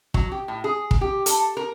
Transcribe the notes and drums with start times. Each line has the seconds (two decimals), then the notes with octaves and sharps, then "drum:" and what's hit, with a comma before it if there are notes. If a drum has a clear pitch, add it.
0.14 F#3, drum: kick
0.32 G4
0.48 A2
0.64 G#4
0.91 drum: kick
1.01 G4
1.26 A4, drum: hi-hat
1.57 A#4